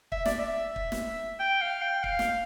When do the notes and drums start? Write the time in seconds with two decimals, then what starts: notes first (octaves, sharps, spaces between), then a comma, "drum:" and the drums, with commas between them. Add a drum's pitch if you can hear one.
0.12 E5, drum: kick
0.25 D5, drum: snare
0.39 E5
0.76 drum: kick
0.92 drum: snare
1.39 G5
1.61 F5
1.82 G5
2.04 F5, drum: kick
2.19 drum: snare